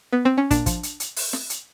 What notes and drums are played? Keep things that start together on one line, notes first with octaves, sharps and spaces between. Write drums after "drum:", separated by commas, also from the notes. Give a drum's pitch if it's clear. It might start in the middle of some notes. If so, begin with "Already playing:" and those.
B3
C4
C#4
A#2 D4, drum: kick, hi-hat
F3, drum: kick, hi-hat
drum: hi-hat
drum: hi-hat
drum: open hi-hat
drum: snare
drum: hi-hat